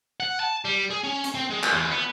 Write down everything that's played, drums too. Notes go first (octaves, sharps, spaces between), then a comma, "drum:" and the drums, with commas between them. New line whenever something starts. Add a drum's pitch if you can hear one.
F#5
A5
G3
G#4
C#4
drum: hi-hat
C4
G#3
drum: clap
E2
B3